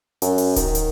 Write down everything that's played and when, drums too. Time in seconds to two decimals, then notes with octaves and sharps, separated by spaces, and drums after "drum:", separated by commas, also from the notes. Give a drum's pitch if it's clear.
0.22 F#2, drum: hi-hat
0.38 drum: open hi-hat
0.56 D#3, drum: kick D1, hi-hat
0.75 drum: hi-hat